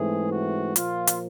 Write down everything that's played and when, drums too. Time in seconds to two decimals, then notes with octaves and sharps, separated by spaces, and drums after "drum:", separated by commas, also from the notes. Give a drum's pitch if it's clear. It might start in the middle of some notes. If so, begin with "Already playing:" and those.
Already playing: G#2 E3 A3 C4 G#4
0.30 F#4
0.76 A#2 F3 A#3 F4, drum: hi-hat
1.07 drum: hi-hat